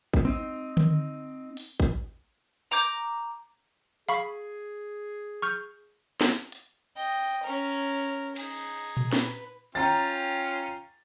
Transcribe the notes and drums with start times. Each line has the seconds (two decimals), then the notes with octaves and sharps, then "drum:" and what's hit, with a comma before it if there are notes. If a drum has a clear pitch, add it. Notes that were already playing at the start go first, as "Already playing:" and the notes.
0.14 drum: kick
0.25 C4 D#4
0.77 drum: tom D3
1.57 drum: open hi-hat
1.80 drum: kick
2.71 A#5 D6 G6
4.09 G#4 F5 B5 C#6
5.42 C#6 F6 G6
6.21 drum: snare
6.52 drum: hi-hat
6.97 D#5 G5
7.43 C#4 A#4
8.36 D#4 G#4, drum: cymbal
8.97 drum: tom A#2
9.13 B4, drum: snare
9.75 C#4 F4 G5 A#5 A6